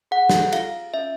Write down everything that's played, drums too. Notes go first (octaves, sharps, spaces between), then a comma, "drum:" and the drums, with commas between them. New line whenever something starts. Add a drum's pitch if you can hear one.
G#4 F#5
drum: snare
F4 F5, drum: cymbal
C#4 E5